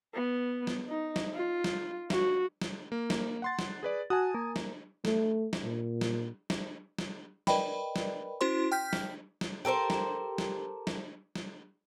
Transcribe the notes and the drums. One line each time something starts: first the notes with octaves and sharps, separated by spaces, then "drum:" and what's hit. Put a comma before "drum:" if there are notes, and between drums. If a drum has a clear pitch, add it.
B3
drum: snare
D#4
drum: snare
F4
drum: snare
F#4, drum: snare
drum: snare
A#3
drum: snare
F#5 C6 A6
drum: snare
G#4 B4 D5
F#4 G#5 A5 D#6
A#3
drum: snare
A3, drum: snare
drum: snare
A#2
drum: snare
drum: snare
drum: snare
A#4 B4 D5 D#5 G5 B5, drum: snare
drum: snare
C#4 E4 F#4 C5 C6
G5 F6 G6 B6
drum: snare
drum: snare
G4 A4 A#4 C5
drum: snare
drum: snare
drum: snare
drum: snare